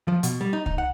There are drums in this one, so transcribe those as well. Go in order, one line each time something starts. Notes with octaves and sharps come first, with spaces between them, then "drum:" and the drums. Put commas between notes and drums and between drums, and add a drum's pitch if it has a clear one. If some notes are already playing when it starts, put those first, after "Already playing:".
F3
B2, drum: hi-hat
G3
D#4
D#4, drum: kick C2
F#5